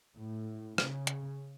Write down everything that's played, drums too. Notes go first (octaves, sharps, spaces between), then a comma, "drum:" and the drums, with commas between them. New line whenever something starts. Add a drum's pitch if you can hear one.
A2
C#3, drum: rim click
drum: hi-hat